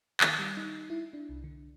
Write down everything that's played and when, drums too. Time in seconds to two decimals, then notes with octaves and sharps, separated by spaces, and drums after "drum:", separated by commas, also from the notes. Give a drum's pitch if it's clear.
0.21 D#3, drum: clap
0.39 G3
0.57 D#4
0.74 C7
0.90 E4
1.13 D4
1.29 C2
1.44 D3